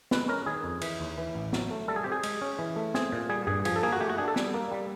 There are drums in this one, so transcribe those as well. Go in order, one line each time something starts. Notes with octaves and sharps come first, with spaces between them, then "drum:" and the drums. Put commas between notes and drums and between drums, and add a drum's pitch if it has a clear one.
G#3 B4, drum: snare
C#4 A#4
D#3 G#4
F2
E3, drum: cymbal
D#2
E3
A1
F#3, drum: snare
A3
G3 A4
G#4
C4 G4
G#4
G#3, drum: cymbal
C#4
E3
A3
C4 G#4, drum: snare
A#2
G3 G#4
G2 G#4
F3 G#4, drum: cymbal
A4
A#3 G#4
F#4
A3 G4
F#4
D4 G#4
A4
G3, drum: snare
A#3
G3